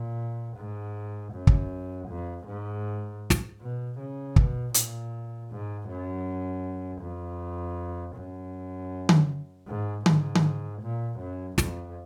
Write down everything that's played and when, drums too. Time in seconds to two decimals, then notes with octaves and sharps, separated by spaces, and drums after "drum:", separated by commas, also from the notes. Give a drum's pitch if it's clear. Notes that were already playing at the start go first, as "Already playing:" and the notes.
Already playing: A#2
0.57 G#2
1.32 F#2
1.47 drum: kick
2.08 F2
2.47 G#2
3.30 drum: snare
3.61 B2
3.99 C#3
4.36 B2, drum: kick
4.74 A#2, drum: hi-hat
5.51 G#2
5.89 F#2
7.02 F2
8.16 F#2
9.09 drum: tom D3
9.67 G#2
10.06 G#2, drum: tom D3
10.35 drum: tom D3
10.82 A#2
11.20 F#2
11.58 F2, drum: snare